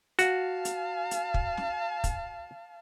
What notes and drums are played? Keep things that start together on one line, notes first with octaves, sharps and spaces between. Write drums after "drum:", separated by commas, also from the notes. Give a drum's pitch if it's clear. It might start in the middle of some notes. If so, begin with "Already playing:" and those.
F#4 F5 A5, drum: hi-hat
drum: hi-hat
drum: hi-hat
drum: kick
drum: snare
drum: kick, hi-hat